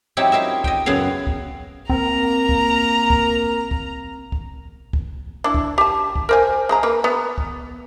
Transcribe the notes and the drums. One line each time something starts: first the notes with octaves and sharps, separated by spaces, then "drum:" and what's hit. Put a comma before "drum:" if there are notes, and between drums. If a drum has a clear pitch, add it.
F#3 C4 D#4 E4 G4
D#4 F4 A#4 E5
D#5 G5, drum: kick
F#2 C#3 B3 F5
drum: kick
A#3 C4 A#4 A#5, drum: kick
drum: kick
drum: kick
drum: kick
drum: kick
drum: kick
D4 E4
drum: kick
G4 A5
drum: kick
A#4 C5 G#5
G#3 G#4 A#5
A#3 B4
B3
drum: kick